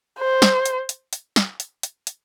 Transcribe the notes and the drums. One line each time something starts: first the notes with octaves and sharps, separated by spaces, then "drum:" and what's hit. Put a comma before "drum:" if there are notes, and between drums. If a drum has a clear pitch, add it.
C5
drum: snare
drum: hi-hat
drum: hi-hat
drum: hi-hat
drum: snare
drum: hi-hat
drum: hi-hat
drum: hi-hat